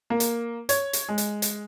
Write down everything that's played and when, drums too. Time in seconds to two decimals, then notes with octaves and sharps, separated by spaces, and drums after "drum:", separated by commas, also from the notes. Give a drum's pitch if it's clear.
0.10 A#3
0.20 drum: hi-hat
0.69 C#5, drum: hi-hat
0.93 drum: hi-hat
1.08 G#3
1.18 drum: hi-hat
1.42 drum: hi-hat